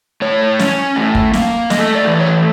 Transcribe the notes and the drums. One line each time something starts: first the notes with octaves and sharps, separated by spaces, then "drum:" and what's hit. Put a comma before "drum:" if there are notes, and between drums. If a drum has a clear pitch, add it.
A2 C#5
C#4, drum: snare
A2
drum: kick
A#3, drum: snare
A3 D#5, drum: snare
D5
E3
C#5